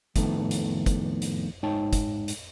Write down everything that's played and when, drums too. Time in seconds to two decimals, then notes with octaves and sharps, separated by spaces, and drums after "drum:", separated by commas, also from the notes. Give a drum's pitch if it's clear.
0.16 F2 A2 D#3 B3 A4, drum: kick, hi-hat
0.51 drum: hi-hat
0.86 drum: kick, hi-hat
1.22 drum: hi-hat
1.63 G#2 D#4 C#5 G5 A5
1.93 drum: kick, hi-hat
2.28 drum: hi-hat